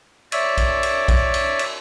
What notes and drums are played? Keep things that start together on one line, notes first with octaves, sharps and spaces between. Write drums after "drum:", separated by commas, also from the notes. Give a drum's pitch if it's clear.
C#5 D5 E5, drum: cymbal
drum: kick B1, cymbal
drum: cymbal
drum: kick B1, cymbal
drum: cymbal
drum: cymbal